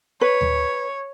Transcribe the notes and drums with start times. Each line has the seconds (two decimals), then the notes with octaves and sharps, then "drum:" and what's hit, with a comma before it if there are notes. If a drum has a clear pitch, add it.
0.21 B4 C#5
0.41 drum: tom D2